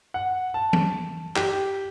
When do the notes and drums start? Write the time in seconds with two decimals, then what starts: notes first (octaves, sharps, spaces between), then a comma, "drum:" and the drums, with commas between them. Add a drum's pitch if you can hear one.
0.14 F#5
0.54 A5
0.73 drum: tom E3
1.36 G4, drum: clap